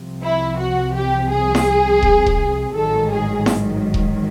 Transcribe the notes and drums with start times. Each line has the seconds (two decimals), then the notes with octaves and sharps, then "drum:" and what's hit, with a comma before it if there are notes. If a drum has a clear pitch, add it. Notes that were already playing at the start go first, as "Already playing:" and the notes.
Already playing: C2 C3 F3
0.23 E4
0.59 F#4
0.95 G4
1.31 G#4
1.55 drum: snare E4
2.02 drum: kick D#1
2.26 drum: kick D#1
2.74 A1 G#2 D#3 F#3 A4
3.10 G#4
3.46 drum: snare E4
3.94 drum: kick D#1